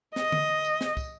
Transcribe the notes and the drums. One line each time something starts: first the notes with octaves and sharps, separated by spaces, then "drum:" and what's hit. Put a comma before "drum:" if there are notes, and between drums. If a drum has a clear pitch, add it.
D#5, drum: snare
drum: tom D3
drum: tambourine
drum: snare
drum: kick, tambourine